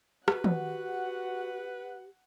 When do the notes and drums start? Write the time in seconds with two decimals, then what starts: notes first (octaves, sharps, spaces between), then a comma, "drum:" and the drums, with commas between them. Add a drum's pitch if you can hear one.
0.28 F#4 G4 B4 F#5, drum: rim click
0.44 drum: tom